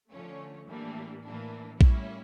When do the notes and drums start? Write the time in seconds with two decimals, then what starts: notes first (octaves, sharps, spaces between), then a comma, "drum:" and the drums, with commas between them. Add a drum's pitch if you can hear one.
0.10 D3 F3 A3 C#4
0.68 A2 E3 G3 A#3 D4
1.24 A2 E3 A#3 D4
1.81 A2 G3 A#3 C#4 E4, drum: kick A#1